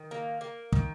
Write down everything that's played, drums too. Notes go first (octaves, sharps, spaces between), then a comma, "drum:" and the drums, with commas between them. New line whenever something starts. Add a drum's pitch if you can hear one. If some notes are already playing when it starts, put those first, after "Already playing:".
Already playing: D#3
A#3
A#3
D#3, drum: kick